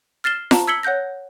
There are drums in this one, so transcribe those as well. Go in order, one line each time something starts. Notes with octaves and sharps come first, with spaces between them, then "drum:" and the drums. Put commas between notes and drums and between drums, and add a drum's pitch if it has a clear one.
F6 A6 C7 E7 G7
A5 A#5, drum: snare F4
E6 G#6 B6 C#7 F#7 G7
C#5 F#5 F#6 G6 A#6